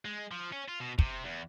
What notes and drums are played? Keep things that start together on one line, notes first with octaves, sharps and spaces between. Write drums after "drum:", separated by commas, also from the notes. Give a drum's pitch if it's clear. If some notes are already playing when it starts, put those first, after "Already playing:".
G#3
F3
C#4
F4
B2
C3, drum: kick
E2